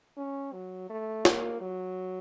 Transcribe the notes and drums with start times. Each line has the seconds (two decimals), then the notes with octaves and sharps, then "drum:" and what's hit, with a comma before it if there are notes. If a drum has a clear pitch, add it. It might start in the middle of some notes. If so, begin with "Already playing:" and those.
0.17 C#4
0.53 F#3
0.90 A3
1.25 A#3, drum: snare
1.61 F#3